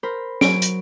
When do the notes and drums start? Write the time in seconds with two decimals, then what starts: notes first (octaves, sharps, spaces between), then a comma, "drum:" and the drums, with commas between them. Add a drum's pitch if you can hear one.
0.03 A#4 C5 B5
0.41 F#3 D7, drum: snare
0.62 drum: hi-hat